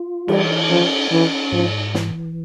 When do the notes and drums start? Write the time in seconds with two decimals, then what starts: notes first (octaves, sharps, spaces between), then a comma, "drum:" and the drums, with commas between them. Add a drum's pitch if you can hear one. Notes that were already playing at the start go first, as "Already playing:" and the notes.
Already playing: F4
0.28 E3 G3, drum: cymbal
0.70 F3 C#4
1.11 E3 C#4
1.52 G#2 F3
1.95 E3, drum: snare